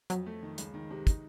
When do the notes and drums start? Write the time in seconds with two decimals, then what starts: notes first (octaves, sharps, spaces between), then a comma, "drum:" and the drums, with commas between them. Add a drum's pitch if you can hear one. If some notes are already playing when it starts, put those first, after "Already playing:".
0.10 F2 F#3, drum: hi-hat
0.26 A3
0.43 D#3
0.58 C#2, drum: hi-hat
0.74 D#3
0.91 C3
1.07 D#4, drum: kick, hi-hat